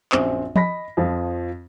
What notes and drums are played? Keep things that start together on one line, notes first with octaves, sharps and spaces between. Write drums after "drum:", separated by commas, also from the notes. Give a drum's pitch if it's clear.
A#1 F#2 C4 C5, drum: clap
D#5 B5 A#6 B6, drum: tom F3
F2 F3